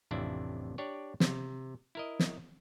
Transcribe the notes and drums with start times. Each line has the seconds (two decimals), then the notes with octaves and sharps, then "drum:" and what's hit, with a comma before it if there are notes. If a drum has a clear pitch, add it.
0.11 A1 F2 C3 D4 E4
0.78 D4 G4 C#5 D5
1.20 C3, drum: snare
1.95 E4 A#4 D#5
2.19 drum: snare